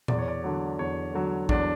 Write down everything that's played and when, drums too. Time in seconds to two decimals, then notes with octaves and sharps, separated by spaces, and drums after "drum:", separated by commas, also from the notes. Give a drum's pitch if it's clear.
0.08 E2 D5, drum: tom A#2
0.18 C#5
0.28 D5
0.44 D3 F#3
0.79 E2 C#5
1.14 D3 F#3
1.49 E2 D4, drum: kick